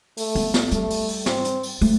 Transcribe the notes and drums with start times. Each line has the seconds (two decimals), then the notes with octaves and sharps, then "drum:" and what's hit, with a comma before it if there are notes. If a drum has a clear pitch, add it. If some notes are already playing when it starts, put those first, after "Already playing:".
0.17 A3, drum: open hi-hat
0.35 B3, drum: open hi-hat
0.54 drum: snare
0.72 G3 A3, drum: hi-hat
0.90 drum: open hi-hat
1.09 drum: open hi-hat
1.26 C4, drum: snare
1.45 drum: hi-hat
1.63 drum: open hi-hat
1.81 A3, drum: open hi-hat